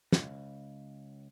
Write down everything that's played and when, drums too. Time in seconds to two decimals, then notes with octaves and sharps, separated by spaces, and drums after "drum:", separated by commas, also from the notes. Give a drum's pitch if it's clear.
0.12 C#2, drum: snare